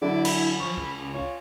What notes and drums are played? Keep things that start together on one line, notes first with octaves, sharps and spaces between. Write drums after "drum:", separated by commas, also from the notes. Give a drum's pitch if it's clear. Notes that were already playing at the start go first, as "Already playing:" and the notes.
D3 F#3 D4 E4 D5
B5, drum: cymbal
F3 C#6
C#2
F4 C#5